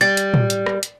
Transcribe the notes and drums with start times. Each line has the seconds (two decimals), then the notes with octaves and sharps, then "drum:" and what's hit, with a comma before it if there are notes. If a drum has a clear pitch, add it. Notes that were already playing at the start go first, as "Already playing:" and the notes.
0.01 G3 A6
0.17 drum: hi-hat
0.34 drum: tom
0.50 drum: hi-hat
0.66 drum: rim click
0.83 drum: hi-hat